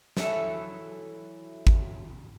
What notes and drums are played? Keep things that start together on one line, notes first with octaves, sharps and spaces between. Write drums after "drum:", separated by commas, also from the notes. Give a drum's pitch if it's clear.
E3 F#3 E4 A4, drum: snare
drum: kick G#1